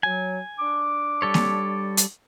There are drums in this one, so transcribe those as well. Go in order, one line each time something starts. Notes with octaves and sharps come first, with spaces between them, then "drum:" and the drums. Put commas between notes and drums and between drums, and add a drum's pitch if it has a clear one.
F#3 G#5
D4 D6
G3 A4 C#5
drum: snare A#3
drum: hi-hat